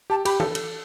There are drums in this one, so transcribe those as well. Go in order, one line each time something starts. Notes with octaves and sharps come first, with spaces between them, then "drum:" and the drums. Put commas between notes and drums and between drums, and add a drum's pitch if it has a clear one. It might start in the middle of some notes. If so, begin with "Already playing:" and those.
G4 A5
G4 B5, drum: cymbal
A4, drum: tom
drum: cymbal